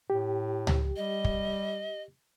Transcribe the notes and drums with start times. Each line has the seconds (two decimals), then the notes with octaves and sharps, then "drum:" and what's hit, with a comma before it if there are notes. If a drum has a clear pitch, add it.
0.10 A2 G4
0.67 drum: tom C#2
0.96 G3 D#5
1.24 drum: kick